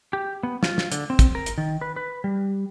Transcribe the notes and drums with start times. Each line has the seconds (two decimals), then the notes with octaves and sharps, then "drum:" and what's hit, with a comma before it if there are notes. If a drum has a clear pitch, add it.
0.13 G4
0.43 B3
0.63 F4, drum: snare
0.78 drum: snare
0.92 D3, drum: hi-hat
1.10 C4
1.19 drum: kick, hi-hat
1.35 A#4
1.46 drum: hi-hat
1.58 D#3
1.81 B4
1.96 B4
2.24 G3